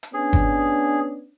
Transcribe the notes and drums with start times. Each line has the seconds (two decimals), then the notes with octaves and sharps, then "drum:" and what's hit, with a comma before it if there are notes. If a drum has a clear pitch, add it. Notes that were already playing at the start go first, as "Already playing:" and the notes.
0.03 drum: hi-hat
0.14 B3 C#4 D4 G#4
0.33 drum: kick G1